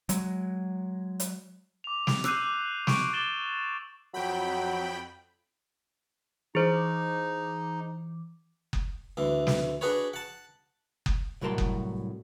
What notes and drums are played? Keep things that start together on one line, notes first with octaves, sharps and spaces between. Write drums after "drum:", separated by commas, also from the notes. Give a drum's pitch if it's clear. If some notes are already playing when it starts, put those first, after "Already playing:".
F#3 G#3, drum: hi-hat
drum: hi-hat
D6 F7
drum: snare
D6 E6 F#6 G6 C7 D#7, drum: rim click
D6
C#6 D7, drum: snare
D6 A6 D#7 E7 F#7 G7
F2 F#3 G5 B5
E3 D#4 G#4 C5 D6
drum: kick F#1
D2 E3
drum: snare
D4 F#4 G#4 B4 C#5
F#5 A5
drum: kick F#1
C2 A2 F#3 A#4 A5 C6
drum: kick F#1